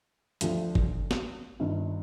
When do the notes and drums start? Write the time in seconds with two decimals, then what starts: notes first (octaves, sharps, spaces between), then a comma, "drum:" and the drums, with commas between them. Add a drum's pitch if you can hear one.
0.41 D2 D3 F3, drum: hi-hat
0.75 drum: kick
1.11 drum: snare
1.60 G1 G2 D#3